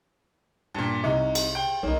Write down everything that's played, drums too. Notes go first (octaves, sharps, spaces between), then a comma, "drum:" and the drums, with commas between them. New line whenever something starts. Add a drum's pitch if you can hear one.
G2 A#2
C2 C3 D#4
drum: cymbal
G5
B1 A#3 D#4